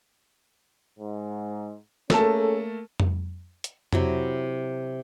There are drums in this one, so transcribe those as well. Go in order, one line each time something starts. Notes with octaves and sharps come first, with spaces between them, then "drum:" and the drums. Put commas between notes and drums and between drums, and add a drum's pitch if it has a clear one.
G#2
A3 A#3 C#4 G#4 A4 A5, drum: snare
drum: tom F2
drum: hi-hat
C3 F#3 E4, drum: tom F2